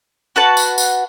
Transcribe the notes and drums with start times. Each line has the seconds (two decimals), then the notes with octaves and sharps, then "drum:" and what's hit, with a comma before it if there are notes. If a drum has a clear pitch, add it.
0.36 F#4 B4 F#5 A5
0.57 drum: tambourine
0.78 drum: tambourine